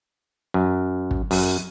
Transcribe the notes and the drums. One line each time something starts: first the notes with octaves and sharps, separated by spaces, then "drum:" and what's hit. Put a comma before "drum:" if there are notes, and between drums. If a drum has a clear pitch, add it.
F#2
drum: kick
F#2, drum: open hi-hat